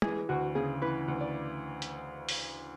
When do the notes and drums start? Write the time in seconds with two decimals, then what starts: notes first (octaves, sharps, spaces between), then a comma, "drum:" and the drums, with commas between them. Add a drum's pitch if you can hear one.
0.02 E3 G#4, drum: tom
0.29 D2 F#4
0.55 C#3 G#4
0.82 E3 B4
1.08 D2
1.21 D5
1.82 drum: hi-hat
2.29 drum: open hi-hat